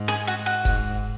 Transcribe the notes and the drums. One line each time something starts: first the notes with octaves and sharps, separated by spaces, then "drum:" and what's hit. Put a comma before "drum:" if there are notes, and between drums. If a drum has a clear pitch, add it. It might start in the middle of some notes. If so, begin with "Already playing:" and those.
Already playing: G#2
G#4
F#4
F#4
G#2, drum: kick F1, hi-hat